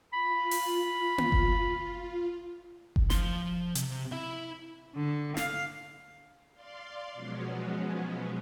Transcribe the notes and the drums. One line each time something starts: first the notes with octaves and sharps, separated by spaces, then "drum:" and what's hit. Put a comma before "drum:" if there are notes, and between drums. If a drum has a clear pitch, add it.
F4 B5
drum: open hi-hat
drum: tom A#3
drum: kick F#1
drum: kick F#1
F3 C6, drum: snare
C3, drum: hi-hat
E4 E5
D3
F5, drum: snare
D5 F5 C6
B2 F3 F#3 G#3 B3 C#4